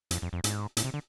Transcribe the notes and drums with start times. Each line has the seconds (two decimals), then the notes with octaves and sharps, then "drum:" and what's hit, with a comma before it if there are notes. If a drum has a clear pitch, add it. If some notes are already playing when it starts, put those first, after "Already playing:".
0.11 F2, drum: hi-hat
0.22 F2
0.33 F2
0.44 G#2, drum: hi-hat
0.77 A2, drum: hi-hat
0.84 C3
0.94 D3